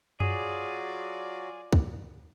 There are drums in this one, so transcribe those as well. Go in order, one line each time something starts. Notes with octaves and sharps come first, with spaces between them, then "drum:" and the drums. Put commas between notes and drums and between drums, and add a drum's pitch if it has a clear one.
F#3 F4 F#4 G#4 D5, drum: tom F#2
drum: kick